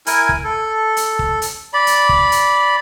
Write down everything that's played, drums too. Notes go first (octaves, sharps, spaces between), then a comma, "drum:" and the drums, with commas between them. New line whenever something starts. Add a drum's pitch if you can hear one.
E4 A#4 G#5, drum: hi-hat
drum: kick
A4
drum: hi-hat
drum: kick
drum: hi-hat
D5 B5
drum: hi-hat
drum: kick
drum: hi-hat